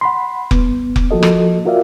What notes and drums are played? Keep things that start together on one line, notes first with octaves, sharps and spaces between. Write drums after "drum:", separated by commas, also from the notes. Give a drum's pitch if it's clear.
F#5 B5 C6
G2 B3, drum: kick F1
drum: kick F1
F3 A#3 F#4 A4 D#5
drum: rim click
F4 F#4 A#4 D5 E5 F5